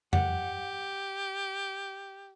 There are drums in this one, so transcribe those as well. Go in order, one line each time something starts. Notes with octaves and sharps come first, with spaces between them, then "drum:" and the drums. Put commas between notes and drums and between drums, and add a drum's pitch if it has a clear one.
G4 F#5, drum: tom F2